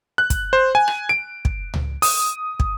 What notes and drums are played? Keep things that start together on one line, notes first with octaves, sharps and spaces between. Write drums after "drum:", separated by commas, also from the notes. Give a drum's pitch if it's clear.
F#6
drum: kick, hi-hat
C5
G#5
drum: rim click
D7
drum: kick
drum: tom C#2
D#6, drum: open hi-hat
drum: kick